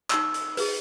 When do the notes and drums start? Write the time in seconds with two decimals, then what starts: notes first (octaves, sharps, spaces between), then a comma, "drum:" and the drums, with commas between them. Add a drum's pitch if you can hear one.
0.11 D#4 C#6 E6, drum: clap
0.34 drum: hi-hat
0.57 G#4 B4, drum: open hi-hat